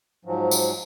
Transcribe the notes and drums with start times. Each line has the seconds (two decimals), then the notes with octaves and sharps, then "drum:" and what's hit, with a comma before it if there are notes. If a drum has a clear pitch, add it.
0.25 G#2 F3 F#3
0.51 drum: tambourine